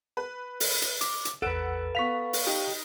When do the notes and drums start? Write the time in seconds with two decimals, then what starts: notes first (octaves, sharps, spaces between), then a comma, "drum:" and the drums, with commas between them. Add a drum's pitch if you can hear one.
0.17 B4
0.60 drum: open hi-hat
0.82 drum: hi-hat
1.01 D6, drum: hi-hat
1.25 drum: hi-hat
1.42 A1 E2 A4 B4 F#5 E6 D7
1.95 B3 F5 C#6 B6 F7
2.33 drum: open hi-hat
2.47 D#4 G4